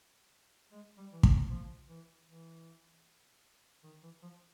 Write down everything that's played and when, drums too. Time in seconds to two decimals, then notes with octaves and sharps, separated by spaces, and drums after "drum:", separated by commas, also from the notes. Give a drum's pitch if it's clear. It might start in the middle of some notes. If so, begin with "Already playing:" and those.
0.72 G#3
0.98 G3
1.13 E3
1.23 F3, drum: kick
1.49 F3
1.89 E3
2.27 E3
3.84 D#3
4.03 E3
4.22 F3